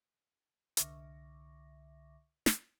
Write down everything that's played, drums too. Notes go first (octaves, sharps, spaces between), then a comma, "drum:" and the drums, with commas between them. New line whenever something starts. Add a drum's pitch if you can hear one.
C2 D3 E5 C#6 D6 A#6, drum: hi-hat
drum: snare